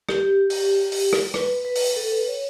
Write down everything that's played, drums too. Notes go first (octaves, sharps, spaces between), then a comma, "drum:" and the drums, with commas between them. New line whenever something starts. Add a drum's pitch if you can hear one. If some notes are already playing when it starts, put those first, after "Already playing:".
G4, drum: rim click
drum: open hi-hat
drum: open hi-hat
drum: rim click
B4, drum: rim click
B4
drum: open hi-hat
A4
B4
C#5